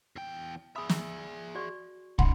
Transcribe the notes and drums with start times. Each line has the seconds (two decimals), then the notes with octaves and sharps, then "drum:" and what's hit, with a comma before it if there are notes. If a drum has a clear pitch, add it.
0.16 E2 G5
0.76 G#4 E5 B5 D#6
0.89 drum: snare
1.55 F#4 D5 C#6
2.19 C#4 D#4 F#5 B5 C6, drum: kick